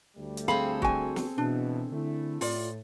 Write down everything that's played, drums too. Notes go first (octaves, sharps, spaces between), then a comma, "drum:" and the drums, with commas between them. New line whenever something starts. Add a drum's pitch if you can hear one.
D2 G3 A3
drum: hi-hat
C4 G#4 A4 F5 B5
F#4 G#5, drum: kick
drum: snare
B2 E3 D4
D3 A3 E4
A2 F4 D5, drum: open hi-hat